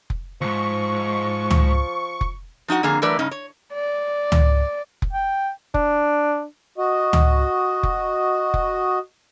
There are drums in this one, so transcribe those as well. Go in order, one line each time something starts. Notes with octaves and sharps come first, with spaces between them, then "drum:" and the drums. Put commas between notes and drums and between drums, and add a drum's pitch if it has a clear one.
drum: kick F1
D#2 G#2 F3 C#6
drum: tom C#2
drum: kick F1
F3 D#4 F#4 F#5
F2 D3 A#3 G#4 A#5
E3 F#3 A3 A#4 B4 D5
G2 C#3 C#4 D#4
C#5
D5
drum: tom C#2
drum: kick F1
G5
D4, drum: kick F1
F#4 D#5
drum: tom C#2
drum: kick F1
drum: kick F1